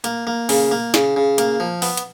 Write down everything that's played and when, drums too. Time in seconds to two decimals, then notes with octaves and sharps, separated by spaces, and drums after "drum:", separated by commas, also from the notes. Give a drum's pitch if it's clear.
0.04 A#3, drum: hi-hat
0.27 A#3
0.49 C#3, drum: open hi-hat
0.71 A#3
0.94 C#3, drum: snare
1.16 C#3
1.38 A#3, drum: hi-hat
1.60 F3
1.82 B3, drum: open hi-hat
1.97 drum: hi-hat